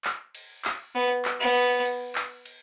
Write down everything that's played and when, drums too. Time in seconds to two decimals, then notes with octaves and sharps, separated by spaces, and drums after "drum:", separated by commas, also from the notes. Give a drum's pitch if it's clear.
0.04 drum: clap
0.35 drum: cymbal
0.65 drum: clap
0.95 B3
1.25 drum: clap
1.40 B3
1.55 drum: cymbal
1.85 drum: cymbal
2.15 drum: clap
2.45 drum: cymbal